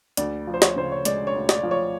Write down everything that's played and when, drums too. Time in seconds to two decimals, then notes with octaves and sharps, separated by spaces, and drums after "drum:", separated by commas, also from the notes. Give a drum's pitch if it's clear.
0.17 D2 D5, drum: hi-hat
0.47 F3
0.54 C5
0.62 C#5, drum: snare
0.76 C#3 C5
0.92 C#5
1.05 G#3 D5, drum: hi-hat
1.27 C#5
1.35 D2
1.49 D5, drum: snare
1.63 F3
1.71 C#5